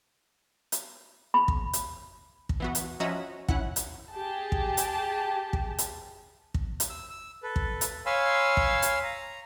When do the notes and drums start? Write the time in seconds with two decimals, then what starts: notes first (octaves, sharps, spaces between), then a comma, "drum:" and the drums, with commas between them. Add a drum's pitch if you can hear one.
0.72 drum: hi-hat
1.34 B5
1.48 drum: kick
1.73 drum: hi-hat
2.49 drum: kick
2.60 E3 B3 F#4
2.75 drum: hi-hat
3.00 F3 C#4 F#4 D#5 E5 A#5
3.48 C#4 E4 F#5, drum: kick
3.76 drum: hi-hat
4.10 G4 G#4 A5
4.52 drum: kick
4.77 drum: hi-hat
5.53 drum: kick
5.78 drum: hi-hat
6.54 drum: kick
6.80 drum: hi-hat
6.90 E6
7.10 E6
7.43 A4 B4
7.56 drum: kick
7.81 drum: hi-hat
8.06 C#5 F5 G#5 B5 C6 E6
8.57 drum: kick
8.82 drum: hi-hat
9.03 A#5